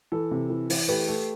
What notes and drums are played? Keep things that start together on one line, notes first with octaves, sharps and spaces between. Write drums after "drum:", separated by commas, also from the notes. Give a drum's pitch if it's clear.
E3 A4
C3
E3
E3, drum: open hi-hat
A3 G4 B4
A3